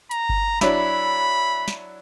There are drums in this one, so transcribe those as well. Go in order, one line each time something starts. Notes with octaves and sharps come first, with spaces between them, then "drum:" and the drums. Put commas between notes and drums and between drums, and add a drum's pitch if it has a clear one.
A#5, drum: hi-hat
drum: kick G1
F#3 D4 E4 B5, drum: snare
drum: snare